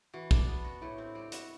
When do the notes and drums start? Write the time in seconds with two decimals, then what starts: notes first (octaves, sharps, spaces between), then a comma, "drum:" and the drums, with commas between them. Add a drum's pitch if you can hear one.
0.14 E3 F#4
0.31 D4, drum: kick
0.48 B3
0.64 F#4
0.82 A2 E4
0.98 C4
1.15 G3
1.32 F#4, drum: hi-hat